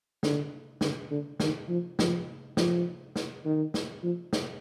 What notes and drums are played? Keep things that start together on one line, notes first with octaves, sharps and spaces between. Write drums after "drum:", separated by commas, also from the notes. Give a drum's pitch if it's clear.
D3, drum: snare
D3, drum: snare
D3
D#3, drum: snare
F3
F3, drum: snare
F3, drum: snare
drum: snare
D#3
drum: snare
F3
drum: snare